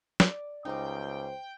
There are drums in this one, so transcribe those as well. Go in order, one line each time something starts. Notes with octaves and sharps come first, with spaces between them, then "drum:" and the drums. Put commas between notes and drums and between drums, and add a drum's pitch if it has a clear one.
D5, drum: snare
C#2 G3 D#4 C5 G5